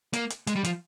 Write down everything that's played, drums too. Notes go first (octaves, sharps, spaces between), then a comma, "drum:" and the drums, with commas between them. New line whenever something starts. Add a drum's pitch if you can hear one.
A#3, drum: hi-hat
drum: hi-hat
G#3, drum: hi-hat
G3
F3, drum: hi-hat